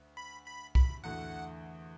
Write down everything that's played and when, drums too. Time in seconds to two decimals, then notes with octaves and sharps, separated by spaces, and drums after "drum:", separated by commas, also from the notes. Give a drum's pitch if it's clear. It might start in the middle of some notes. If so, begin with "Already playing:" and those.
Already playing: D2
0.17 B5
0.46 B5
0.75 B5, drum: kick
1.04 E2 D3 A3 F#4 F#5